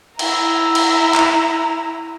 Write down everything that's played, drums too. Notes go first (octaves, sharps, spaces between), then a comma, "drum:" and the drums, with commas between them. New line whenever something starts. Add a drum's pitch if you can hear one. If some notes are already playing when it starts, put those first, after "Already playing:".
E4 A#5, drum: cymbal
drum: cymbal
drum: clap